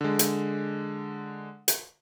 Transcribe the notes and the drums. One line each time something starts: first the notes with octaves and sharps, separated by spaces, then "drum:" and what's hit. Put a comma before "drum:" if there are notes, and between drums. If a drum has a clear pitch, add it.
D3 G#3
drum: hi-hat
drum: hi-hat